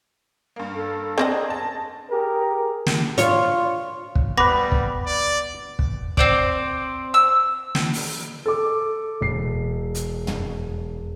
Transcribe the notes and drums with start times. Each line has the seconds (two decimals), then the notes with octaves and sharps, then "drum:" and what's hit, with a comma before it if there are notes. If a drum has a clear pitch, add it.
0.56 G2 A#3
0.75 A4
1.18 C4 D4 G#4 A#4 C5 D#5 A#6
1.50 A5
2.10 G4 G#4 A#4
2.86 drum: snare
3.18 F4 C#5, drum: hi-hat
4.15 drum: kick
4.38 G3 B3 B4 B5 D6 A#6
4.72 drum: kick
5.06 D5
5.79 drum: kick
6.17 C4 C5 D5, drum: kick
7.14 E6
7.75 drum: snare
7.93 drum: open hi-hat
8.46 A4 D6
9.21 E1 C7
9.95 drum: hi-hat
10.27 drum: tom